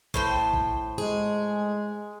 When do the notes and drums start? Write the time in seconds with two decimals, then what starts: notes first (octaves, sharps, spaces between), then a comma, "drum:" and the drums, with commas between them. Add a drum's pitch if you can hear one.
0.14 A2 C5 G5, drum: kick G#1
0.54 drum: kick G#1
0.98 G#3 G#4